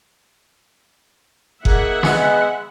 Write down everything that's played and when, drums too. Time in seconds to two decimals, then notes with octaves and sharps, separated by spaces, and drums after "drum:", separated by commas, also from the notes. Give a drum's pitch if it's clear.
1.65 A#3 D#4 G#4 E5 F#5, drum: kick F#1
2.03 G#3 B3, drum: snare